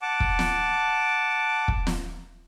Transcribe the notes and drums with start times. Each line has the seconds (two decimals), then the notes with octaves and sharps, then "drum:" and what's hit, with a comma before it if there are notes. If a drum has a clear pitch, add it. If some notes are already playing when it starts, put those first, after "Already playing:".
0.02 F#5 A5 D6
0.20 drum: kick
0.39 drum: snare
1.68 drum: kick
1.87 drum: snare